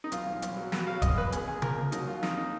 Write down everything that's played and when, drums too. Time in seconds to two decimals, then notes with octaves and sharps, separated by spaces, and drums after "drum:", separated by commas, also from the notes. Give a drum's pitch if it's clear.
0.04 D#4
0.12 B1 F4, drum: hi-hat
0.27 B1
0.42 B1, drum: hi-hat
0.57 F#3
0.72 B2 F#4, drum: snare
0.87 F#3 F5
1.02 B1 D#5, drum: kick E1, hi-hat
1.17 B1 B4
1.32 D#2 G#4, drum: hi-hat
1.47 D#2 G#4
1.62 F3 A#4, drum: tom C#3
1.78 D#2
1.92 F#3 D#4, drum: hi-hat
2.08 F#3 F4
2.23 D#2 D#4, drum: snare
2.37 D#4